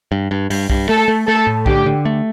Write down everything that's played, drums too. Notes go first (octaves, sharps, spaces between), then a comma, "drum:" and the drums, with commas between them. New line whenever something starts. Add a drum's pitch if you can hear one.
G2
G2
G2, drum: open hi-hat
G2, drum: kick B1
A3 A4
A3
A3 A4
A2
D3 G4, drum: kick B1
D3
A3